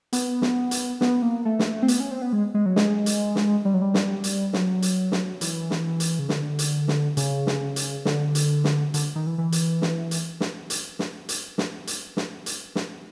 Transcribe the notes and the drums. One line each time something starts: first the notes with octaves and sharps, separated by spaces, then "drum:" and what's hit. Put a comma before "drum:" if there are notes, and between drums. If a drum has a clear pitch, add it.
B3, drum: hi-hat
drum: snare
drum: hi-hat
B3, drum: snare
A#3
A3
drum: snare
C4
B3, drum: hi-hat
C#4
C4
B3
G#3
G#3
F#3
G#3, drum: snare
drum: hi-hat
drum: snare
G3
F#3
G3
drum: snare
drum: hi-hat
F#3, drum: snare
drum: hi-hat
drum: snare
E3, drum: hi-hat
drum: snare
drum: hi-hat
C#3
D3, drum: snare
drum: hi-hat
drum: snare
C#3, drum: hi-hat
drum: snare
drum: hi-hat
D3, drum: snare
drum: hi-hat
drum: snare
D3, drum: hi-hat
D#3
E3
E3
drum: hi-hat
drum: snare
drum: hi-hat
drum: snare
drum: hi-hat
drum: snare
drum: hi-hat
drum: snare
drum: hi-hat
drum: snare
drum: hi-hat
drum: snare